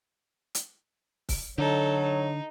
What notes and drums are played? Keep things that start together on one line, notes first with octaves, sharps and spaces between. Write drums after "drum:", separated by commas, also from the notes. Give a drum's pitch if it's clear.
drum: hi-hat
drum: kick, open hi-hat
D3 F#3 D#4 A4
D#4